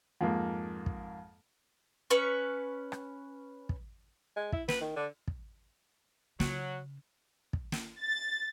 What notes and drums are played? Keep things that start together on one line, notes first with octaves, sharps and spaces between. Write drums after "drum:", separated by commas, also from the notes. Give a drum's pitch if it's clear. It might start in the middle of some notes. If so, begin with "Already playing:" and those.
F2 G#2 A#3
drum: kick
C#4 B4 C#6
drum: rim click
drum: kick
G#3
E4, drum: kick
B4, drum: snare
D#3
D3
drum: kick
C#3 F#3, drum: snare
drum: kick
drum: snare
A6